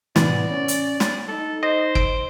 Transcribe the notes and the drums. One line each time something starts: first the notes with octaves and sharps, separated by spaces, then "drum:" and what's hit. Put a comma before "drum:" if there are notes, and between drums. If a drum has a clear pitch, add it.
A2 C3 E3 B3 D5, drum: snare
C#4
drum: hi-hat
drum: snare
D#4 A4
C5 D#5
D7, drum: kick